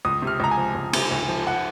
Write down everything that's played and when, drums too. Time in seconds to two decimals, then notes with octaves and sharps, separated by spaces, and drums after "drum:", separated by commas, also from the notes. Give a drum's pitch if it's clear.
0.05 C#2 D#6
0.22 C3 F6
0.40 C#2 A#5
0.51 G#5
0.57 F3
0.75 C#2
0.93 C3, drum: cymbal
1.11 C#2
1.28 F3
1.47 F#5